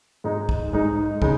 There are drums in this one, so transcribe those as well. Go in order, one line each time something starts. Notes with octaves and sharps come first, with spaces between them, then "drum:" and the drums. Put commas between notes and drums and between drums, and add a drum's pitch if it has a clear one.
G#2 G#3 D#4
drum: kick
G#2 G#3 D#4
C#3 G#3 D#4, drum: kick